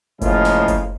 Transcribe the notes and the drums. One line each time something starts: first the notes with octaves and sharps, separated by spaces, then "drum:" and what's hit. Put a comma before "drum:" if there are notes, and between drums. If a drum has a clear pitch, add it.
A2 C#3 F3 G#3 A#3 F4, drum: kick F#1, hi-hat
drum: snare
drum: kick F#1, hi-hat